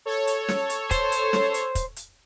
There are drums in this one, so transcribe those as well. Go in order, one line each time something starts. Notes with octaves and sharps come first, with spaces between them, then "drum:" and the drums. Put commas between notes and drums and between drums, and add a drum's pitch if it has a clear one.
A4 C#5
drum: hi-hat
drum: snare
drum: hi-hat
C5, drum: kick, hi-hat
drum: hi-hat
drum: snare
drum: hi-hat
drum: kick, hi-hat
drum: hi-hat